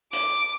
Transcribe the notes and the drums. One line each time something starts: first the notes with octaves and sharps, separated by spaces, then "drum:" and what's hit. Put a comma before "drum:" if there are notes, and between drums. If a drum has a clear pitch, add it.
D6, drum: hi-hat